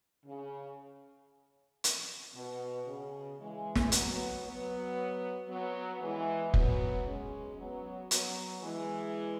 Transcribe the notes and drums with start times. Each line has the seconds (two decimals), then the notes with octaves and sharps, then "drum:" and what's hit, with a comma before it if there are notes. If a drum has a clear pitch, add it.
0.25 C#3
1.84 drum: hi-hat
2.35 B2
2.87 C#3
3.40 E3 G#3
3.75 drum: snare
3.92 F#3 B3, drum: hi-hat
4.44 F#3 B3
5.49 F#3 B3
6.01 E3 G#3
6.54 F#3 B3, drum: kick F1
7.05 G#3 C#4
7.58 F#3 B3
8.11 F#3 B3, drum: hi-hat
8.63 E3 G#3